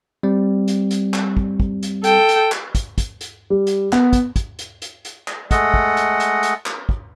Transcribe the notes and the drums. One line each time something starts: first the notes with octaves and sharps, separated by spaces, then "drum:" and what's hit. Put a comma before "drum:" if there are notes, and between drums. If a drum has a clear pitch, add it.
G3 C4
drum: hi-hat
drum: hi-hat
drum: clap
drum: kick
drum: kick
drum: hi-hat
A4 G5, drum: hi-hat
drum: hi-hat
drum: clap
drum: kick, hi-hat
drum: kick, hi-hat
drum: hi-hat
G3
drum: hi-hat
B3, drum: clap
drum: kick, hi-hat
drum: kick, hi-hat
drum: hi-hat
drum: hi-hat
drum: hi-hat
drum: clap
G#3 A3 A4 D#5 F#5, drum: kick, hi-hat
drum: kick
drum: hi-hat
drum: hi-hat
drum: hi-hat
drum: clap
drum: kick